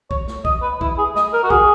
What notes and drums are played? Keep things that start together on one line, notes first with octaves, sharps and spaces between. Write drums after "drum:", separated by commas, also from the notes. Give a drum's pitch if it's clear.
C#5, drum: kick
drum: snare
D#5, drum: kick
B4
E4, drum: kick
G#4
D#5, drum: snare
A#4
F#4
G#4, drum: kick